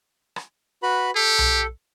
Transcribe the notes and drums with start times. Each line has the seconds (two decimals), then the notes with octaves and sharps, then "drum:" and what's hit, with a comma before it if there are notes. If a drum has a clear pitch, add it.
0.36 drum: rim click
0.83 F#4 B4 B5
1.15 G4 A4
1.39 drum: tom B1